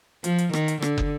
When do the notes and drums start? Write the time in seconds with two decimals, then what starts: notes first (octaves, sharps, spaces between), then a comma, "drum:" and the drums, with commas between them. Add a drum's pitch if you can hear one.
0.24 F3, drum: hi-hat
0.38 drum: hi-hat
0.53 D#3, drum: rim click
0.68 drum: hi-hat
0.82 D3, drum: rim click
0.98 drum: kick